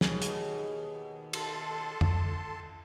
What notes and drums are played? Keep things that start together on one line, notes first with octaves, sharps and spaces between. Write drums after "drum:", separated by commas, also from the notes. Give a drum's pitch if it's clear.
D#2 B2 G#4, drum: snare
drum: hi-hat
A4 A5 C6, drum: cymbal
drum: tom F2